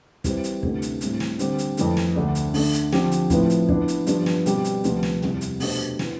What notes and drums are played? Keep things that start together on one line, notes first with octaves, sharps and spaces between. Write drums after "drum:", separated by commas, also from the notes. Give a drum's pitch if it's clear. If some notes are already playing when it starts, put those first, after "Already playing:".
E3 G3 C4 G4 C5, drum: kick, hi-hat
drum: hi-hat
D2 C3 E3 A3 D4, drum: kick
drum: hi-hat
A2 G3 C4, drum: hi-hat
drum: snare
D3 G3 C4 G4 C5, drum: hi-hat
drum: hi-hat
F2 E3 A3, drum: hi-hat
drum: snare
D2 D3 A3 D4
drum: hi-hat
D3 A3 D4, drum: open hi-hat
drum: hi-hat
D3 F3 C4 G4, drum: snare
drum: hi-hat
A2 F3 C4 E4 B4, drum: kick, hi-hat
drum: hi-hat
E3 B3 D4, drum: kick
drum: hi-hat
G2 F3 B3 D4, drum: hi-hat
drum: snare
B2 G3 C4 G4, drum: hi-hat
drum: hi-hat
D2 C3 F3 B3 F4, drum: hi-hat
drum: snare
E2 C3 G3, drum: tom
drum: hi-hat
B2 A3 D4 G4 C5, drum: open hi-hat
E3 B3, drum: snare